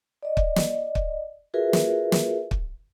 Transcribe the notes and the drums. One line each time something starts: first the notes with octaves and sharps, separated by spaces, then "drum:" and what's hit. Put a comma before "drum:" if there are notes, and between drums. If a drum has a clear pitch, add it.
D5 D#5
drum: kick
drum: snare
drum: kick
F4 F#4 G#4 A#4 B4 E5
drum: snare
drum: snare
drum: kick